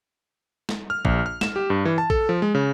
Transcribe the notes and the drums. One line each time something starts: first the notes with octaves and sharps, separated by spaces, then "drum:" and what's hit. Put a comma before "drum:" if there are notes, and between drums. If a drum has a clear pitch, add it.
drum: snare
F6
A#1, drum: kick
F6
E7, drum: snare
G4
G2
E3
A5
A4, drum: kick
F3
G#3
C#3